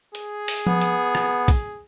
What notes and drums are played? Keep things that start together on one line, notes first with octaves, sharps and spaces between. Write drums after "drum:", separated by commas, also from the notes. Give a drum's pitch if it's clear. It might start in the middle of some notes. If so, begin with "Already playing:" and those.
G#4, drum: hi-hat
drum: open hi-hat
B3, drum: tom F3
drum: hi-hat
drum: rim click
drum: kick, hi-hat